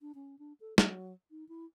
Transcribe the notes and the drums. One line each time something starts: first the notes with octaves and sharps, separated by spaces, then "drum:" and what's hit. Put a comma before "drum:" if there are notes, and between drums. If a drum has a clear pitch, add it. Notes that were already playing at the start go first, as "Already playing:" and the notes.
D4
C#4
D4
A4
F#3, drum: snare
D#4
E4